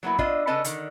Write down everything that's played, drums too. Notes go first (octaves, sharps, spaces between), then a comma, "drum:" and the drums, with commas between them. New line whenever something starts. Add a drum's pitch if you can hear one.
F#3 A#3 B3 E4
D4 F4 D#5 E5, drum: kick
C#3 D4 A4 B4 D#5 A5
D3 D#3, drum: hi-hat